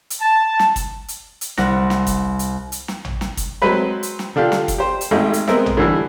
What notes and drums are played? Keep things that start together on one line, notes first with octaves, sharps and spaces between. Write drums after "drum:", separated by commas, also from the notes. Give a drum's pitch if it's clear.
drum: hi-hat
A5
drum: snare
drum: kick, hi-hat
drum: hi-hat
drum: hi-hat
C2 F#5 A#6, drum: snare
drum: snare
drum: kick, hi-hat
drum: hi-hat
drum: hi-hat
drum: snare
drum: tom A1
drum: snare
drum: kick, hi-hat
F#3 G#3 C4 B4 B5
drum: hi-hat
drum: snare
D3 D4 F4 G4
drum: snare
drum: kick, hi-hat
G4 C5
drum: hi-hat
G#1 G#3 A3 G4
drum: hi-hat
G#3 B3 C4 A#4 E5, drum: snare
drum: tom A1
A2 D3 E3 G3